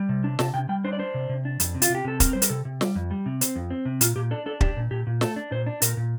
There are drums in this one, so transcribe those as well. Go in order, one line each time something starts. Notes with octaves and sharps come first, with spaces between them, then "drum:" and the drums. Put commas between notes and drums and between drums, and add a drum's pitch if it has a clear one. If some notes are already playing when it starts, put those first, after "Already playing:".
Already playing: G3
C3
D4
C3 A5, drum: snare
C3 G5
G3 G5
D4 C5
D5
D4 C5
C3
C3
D4
F2, drum: hi-hat
C3
F4, drum: hi-hat
C3 G4
C3 A4
C4 A#4, drum: kick, hi-hat
G3 C5
A#4, drum: hi-hat
C3 A4
C3
G3, drum: snare
F2
G3
C3
C4, drum: hi-hat
F2
C4
C3
A#2 F4, drum: hi-hat
A#2 G4
D4 A4
D4 A4
D4 G4, drum: kick
A#2
A#2 G4
A#2
A3 A4, drum: snare
D4
A#2 C5
D4
A#2 A#4, drum: hi-hat
A#2